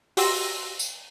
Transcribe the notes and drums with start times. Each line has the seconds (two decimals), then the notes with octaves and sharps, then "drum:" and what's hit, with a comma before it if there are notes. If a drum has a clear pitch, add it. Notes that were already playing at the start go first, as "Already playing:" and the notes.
0.17 F#4 G4 C6 E6 A#6, drum: open hi-hat
0.79 drum: tambourine